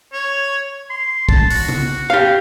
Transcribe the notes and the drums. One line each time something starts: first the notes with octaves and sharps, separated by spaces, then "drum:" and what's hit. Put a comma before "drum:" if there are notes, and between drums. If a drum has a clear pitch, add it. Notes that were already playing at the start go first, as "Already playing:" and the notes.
C#5
C6
A5, drum: kick
F#4, drum: open hi-hat
drum: tom C#3
G4 F5